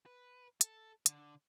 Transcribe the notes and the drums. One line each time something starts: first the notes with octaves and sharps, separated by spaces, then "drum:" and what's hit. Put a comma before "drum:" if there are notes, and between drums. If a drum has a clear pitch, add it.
B4
A4, drum: hi-hat
D3, drum: hi-hat